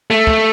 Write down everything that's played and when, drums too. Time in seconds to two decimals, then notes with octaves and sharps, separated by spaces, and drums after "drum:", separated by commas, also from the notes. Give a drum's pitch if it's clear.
0.10 A3
0.27 drum: kick